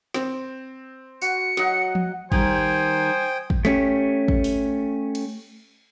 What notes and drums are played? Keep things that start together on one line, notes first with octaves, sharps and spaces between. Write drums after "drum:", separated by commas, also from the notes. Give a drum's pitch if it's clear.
C4, drum: snare
F#4 C#7, drum: tambourine
F#3 D#5 F#5, drum: snare
drum: tom F3
D#3 G3 C5 G5 G#5 D#6, drum: kick
drum: kick
A3 C#4 G4, drum: snare
drum: kick
drum: open hi-hat
drum: cymbal